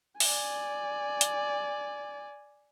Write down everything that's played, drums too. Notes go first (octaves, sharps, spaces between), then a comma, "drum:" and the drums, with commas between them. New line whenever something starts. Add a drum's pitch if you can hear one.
D5 G#5, drum: open hi-hat
drum: hi-hat